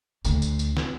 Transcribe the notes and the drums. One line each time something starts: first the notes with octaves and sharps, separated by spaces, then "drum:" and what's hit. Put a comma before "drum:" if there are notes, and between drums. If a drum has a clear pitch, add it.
D2 D3, drum: tambourine
drum: tambourine
drum: tambourine
drum: snare